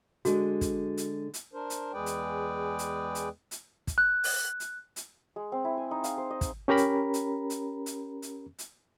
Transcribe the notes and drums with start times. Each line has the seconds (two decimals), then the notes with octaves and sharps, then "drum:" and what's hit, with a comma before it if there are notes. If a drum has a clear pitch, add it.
0.25 D3 G#3 F#4, drum: hi-hat
0.61 drum: kick, hi-hat
0.97 drum: hi-hat
1.34 drum: hi-hat
1.53 D4 A#4 C5
1.70 drum: hi-hat
1.93 E2 G#3 G#4 B4 D5 G5
2.06 drum: hi-hat
2.79 drum: hi-hat
3.15 drum: hi-hat
3.51 drum: hi-hat
3.87 drum: kick, hi-hat
3.98 F#6
4.24 drum: open hi-hat
4.60 drum: hi-hat
4.96 drum: hi-hat
5.36 G#3
5.52 C4
5.65 E4
5.77 G#5
5.91 D#4
6.04 F5, drum: hi-hat
6.18 C5
6.30 D#5
6.41 drum: kick, hi-hat
6.68 C#4 G4 A#4 A#5 B5
6.77 drum: hi-hat
7.14 drum: hi-hat
7.50 drum: hi-hat
7.86 drum: hi-hat
8.22 drum: hi-hat
8.59 drum: hi-hat